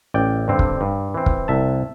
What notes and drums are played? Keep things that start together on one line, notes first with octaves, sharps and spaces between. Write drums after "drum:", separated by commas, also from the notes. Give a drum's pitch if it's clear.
A1 D5 G5
G2 D3 C4
drum: kick
G2
E3 C4
drum: kick
C2 E5 A5